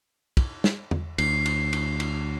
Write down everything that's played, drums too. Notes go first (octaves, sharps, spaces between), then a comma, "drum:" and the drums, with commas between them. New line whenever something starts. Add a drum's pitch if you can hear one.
drum: kick, cymbal
drum: snare
drum: tom E2
D2 C7, drum: cymbal
drum: cymbal
drum: cymbal
drum: cymbal